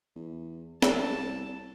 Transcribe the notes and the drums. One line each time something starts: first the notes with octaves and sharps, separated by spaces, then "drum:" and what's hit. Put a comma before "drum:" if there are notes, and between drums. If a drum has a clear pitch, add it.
E2
C2 A5, drum: snare